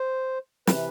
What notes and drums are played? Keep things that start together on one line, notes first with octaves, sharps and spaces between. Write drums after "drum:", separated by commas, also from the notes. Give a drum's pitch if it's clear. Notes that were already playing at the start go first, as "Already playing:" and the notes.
Already playing: C5
C3 E3 B4, drum: snare